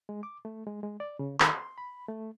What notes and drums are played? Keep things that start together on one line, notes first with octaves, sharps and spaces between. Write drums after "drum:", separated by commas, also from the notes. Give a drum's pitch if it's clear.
G#3
D6
A3
G#3
G#3
D5
C#3
D#3, drum: clap
C6
B5
A3